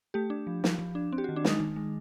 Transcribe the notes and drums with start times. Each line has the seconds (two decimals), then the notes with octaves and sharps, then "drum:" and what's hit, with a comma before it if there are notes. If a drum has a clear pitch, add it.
0.14 A3 G4
0.30 D4
0.47 F3
0.64 F3, drum: snare
0.79 F3
0.95 D4
1.12 C4
1.18 G4
1.24 F#4
1.29 D#3
1.36 D4
1.45 G#3 D#4, drum: snare
1.60 D#3
1.76 G#3